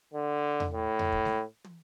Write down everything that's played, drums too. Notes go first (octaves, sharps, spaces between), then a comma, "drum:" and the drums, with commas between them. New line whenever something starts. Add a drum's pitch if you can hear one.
D3
drum: tom E2
A2
drum: tom E2
drum: kick
drum: snare G#3
drum: tom